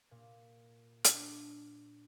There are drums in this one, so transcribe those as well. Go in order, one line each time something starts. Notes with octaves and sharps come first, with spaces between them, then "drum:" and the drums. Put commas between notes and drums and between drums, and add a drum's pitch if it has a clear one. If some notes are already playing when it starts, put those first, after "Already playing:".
A#2
D4, drum: hi-hat